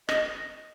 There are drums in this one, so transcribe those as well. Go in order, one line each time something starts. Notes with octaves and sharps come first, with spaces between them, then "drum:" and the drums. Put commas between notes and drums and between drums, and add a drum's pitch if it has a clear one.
D#5, drum: rim click